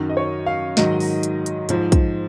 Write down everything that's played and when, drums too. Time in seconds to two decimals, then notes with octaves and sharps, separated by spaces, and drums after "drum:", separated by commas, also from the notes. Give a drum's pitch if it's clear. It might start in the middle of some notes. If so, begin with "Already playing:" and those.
Already playing: F#2 D#3 F#3
0.09 D#5
0.17 C#5
0.46 F5
0.77 G#2 D#3 F#3 D#5, drum: snare
1.00 drum: open hi-hat
1.23 drum: hi-hat
1.46 drum: hi-hat
1.69 G#2 F3, drum: hi-hat
1.92 drum: kick, hi-hat